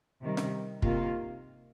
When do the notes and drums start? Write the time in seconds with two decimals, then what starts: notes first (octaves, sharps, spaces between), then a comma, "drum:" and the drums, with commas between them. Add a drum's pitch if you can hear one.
0.22 C3 D#3 G3
0.37 drum: snare
0.82 C3 D#3 A#3 F4, drum: kick